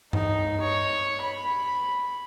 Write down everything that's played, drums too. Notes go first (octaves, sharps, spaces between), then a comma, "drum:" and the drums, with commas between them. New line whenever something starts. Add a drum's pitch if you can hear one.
D#4, drum: tom G2
C#5
B5